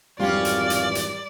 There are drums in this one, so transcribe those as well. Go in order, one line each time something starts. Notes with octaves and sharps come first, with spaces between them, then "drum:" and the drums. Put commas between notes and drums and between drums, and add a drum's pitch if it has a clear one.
G#1 F2 E3 G3 C#4 F4 D5
drum: hi-hat
drum: hi-hat
drum: hi-hat